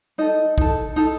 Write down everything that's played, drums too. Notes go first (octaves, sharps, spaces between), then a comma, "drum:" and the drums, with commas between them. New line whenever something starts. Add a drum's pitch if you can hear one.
D#4 A4 D#5
D#4 A4, drum: kick
D#4 A4